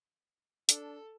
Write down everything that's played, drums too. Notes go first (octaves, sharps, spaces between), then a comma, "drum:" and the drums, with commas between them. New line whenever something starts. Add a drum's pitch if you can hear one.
D4 A4, drum: hi-hat